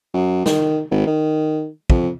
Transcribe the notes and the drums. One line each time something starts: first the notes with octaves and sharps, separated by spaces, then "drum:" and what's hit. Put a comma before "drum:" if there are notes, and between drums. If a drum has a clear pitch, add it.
F#2
D#3, drum: snare
G#1
D#3
F2, drum: kick